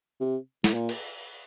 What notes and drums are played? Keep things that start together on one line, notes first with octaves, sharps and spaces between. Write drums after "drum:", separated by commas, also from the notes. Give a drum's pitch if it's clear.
C3
A2, drum: snare
A#2
drum: cymbal